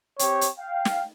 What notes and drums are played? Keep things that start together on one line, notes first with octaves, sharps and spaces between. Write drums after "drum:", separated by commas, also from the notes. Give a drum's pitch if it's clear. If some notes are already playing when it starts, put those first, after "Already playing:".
C4 G4 C#5 G5, drum: hi-hat
drum: hi-hat
F5 G5
drum: snare